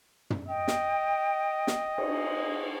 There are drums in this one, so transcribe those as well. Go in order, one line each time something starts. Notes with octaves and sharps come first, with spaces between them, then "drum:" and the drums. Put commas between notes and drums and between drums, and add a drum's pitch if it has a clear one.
drum: tom
D#5 G5
drum: snare
drum: snare
drum: cymbal